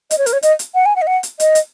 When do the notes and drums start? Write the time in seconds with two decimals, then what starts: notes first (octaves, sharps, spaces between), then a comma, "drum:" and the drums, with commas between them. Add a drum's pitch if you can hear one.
0.11 D#5, drum: hi-hat
0.18 C#5
0.26 A#4, drum: hi-hat
0.33 C#5
0.43 D#5, drum: hi-hat
0.59 drum: hi-hat
0.74 F#5
0.86 G#5
0.96 F#5
1.02 D#5
1.07 F#5
1.23 drum: hi-hat
1.40 D#5, drum: hi-hat
1.55 drum: hi-hat